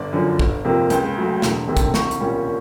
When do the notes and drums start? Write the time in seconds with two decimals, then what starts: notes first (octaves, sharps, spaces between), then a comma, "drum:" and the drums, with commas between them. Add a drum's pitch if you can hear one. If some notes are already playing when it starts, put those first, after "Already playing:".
Already playing: G1 D5
0.13 F#2 D3 F3
0.39 G1, drum: kick
0.64 F2 C3 F3 A#3
0.90 C#2 G5, drum: hi-hat
1.17 C#3 F#3 A3
1.42 E1, drum: snare
1.67 D2 C3 D#3
1.77 drum: kick, hi-hat
1.94 C2 C#6, drum: snare
2.11 drum: hi-hat
2.20 A#2 G3 A#3 C#4